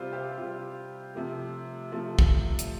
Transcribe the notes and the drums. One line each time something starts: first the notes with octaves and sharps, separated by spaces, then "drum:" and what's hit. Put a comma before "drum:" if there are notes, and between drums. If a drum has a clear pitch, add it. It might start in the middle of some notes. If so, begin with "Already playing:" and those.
Already playing: C3 G3 F4 C5 F5
G4 C5
C3 G3 F4
C3 F3 A3
C3 F3 A3
drum: kick
drum: hi-hat